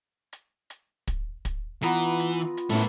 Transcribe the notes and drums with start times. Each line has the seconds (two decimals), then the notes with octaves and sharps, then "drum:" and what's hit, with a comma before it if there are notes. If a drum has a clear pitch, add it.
0.33 drum: hi-hat
0.70 drum: hi-hat
1.08 drum: kick, hi-hat
1.45 drum: kick, hi-hat
1.82 E3 B3 F4 A#5, drum: snare
2.20 drum: hi-hat
2.57 drum: hi-hat
2.70 A2 A3 B3 C#4 E4